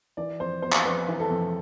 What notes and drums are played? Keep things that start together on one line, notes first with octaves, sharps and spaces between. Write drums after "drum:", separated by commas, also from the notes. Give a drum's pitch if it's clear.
E3 D5
F2 C5
B3 C5
drum: clap
F2 B4
E3
A4
F2